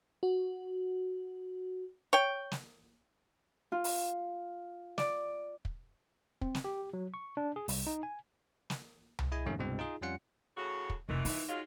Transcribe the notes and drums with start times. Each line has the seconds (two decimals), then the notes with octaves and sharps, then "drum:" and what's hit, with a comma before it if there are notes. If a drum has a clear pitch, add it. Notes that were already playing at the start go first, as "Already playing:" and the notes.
0.23 F#4
2.13 C#5 G5
2.52 drum: snare
3.72 F4
3.84 drum: open hi-hat
4.98 D5, drum: snare
5.65 drum: kick
6.41 C4, drum: kick
6.55 drum: snare
6.65 G4
6.93 F#3
7.14 C#6
7.37 D4
7.56 G#4
7.68 C2, drum: open hi-hat
7.87 D#4
8.03 G#5
8.70 drum: snare
9.19 drum: tom C2
9.32 E4 G#4 D#5 G#5
9.45 F2 G#2 C3 D#3 A3 C#4
9.58 C2 G2 B2 G#3 C4
9.79 D#4 F4 G#4
10.02 F2 G3 C#4 F4 F#5 C#7
10.57 A2 C#3 F#4
10.90 drum: kick
11.09 F1 A#2 D#3 E3
11.25 D#4, drum: open hi-hat
11.48 F#3 G#3 F4